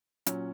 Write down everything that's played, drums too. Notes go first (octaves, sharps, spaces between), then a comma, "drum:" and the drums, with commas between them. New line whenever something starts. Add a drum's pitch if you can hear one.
A#2 F#3 C#4, drum: hi-hat